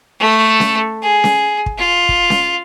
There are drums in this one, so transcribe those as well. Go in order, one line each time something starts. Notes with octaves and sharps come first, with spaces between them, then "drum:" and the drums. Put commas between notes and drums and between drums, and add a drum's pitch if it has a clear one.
A3 A4
drum: snare C#4
G#4
drum: snare C#4
drum: kick
F4
drum: kick
drum: snare C#4